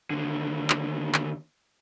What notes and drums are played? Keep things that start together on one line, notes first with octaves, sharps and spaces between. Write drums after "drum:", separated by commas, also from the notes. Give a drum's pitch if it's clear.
D#2 D3
drum: clap
drum: clap